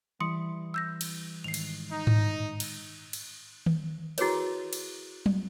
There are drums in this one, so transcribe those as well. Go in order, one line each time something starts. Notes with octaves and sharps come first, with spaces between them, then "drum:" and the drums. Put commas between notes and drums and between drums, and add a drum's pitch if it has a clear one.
E3 G3 E4 C6 D#6 C#7
E6 G6 A#6
drum: cymbal
G#2 D#3 C7 F7
drum: cymbal
D#4
drum: tom G#2
drum: cymbal
drum: cymbal
drum: tom D#3
E4 F#4 G#4 A#4 B4 C#5, drum: cymbal
drum: cymbal
drum: tom F#3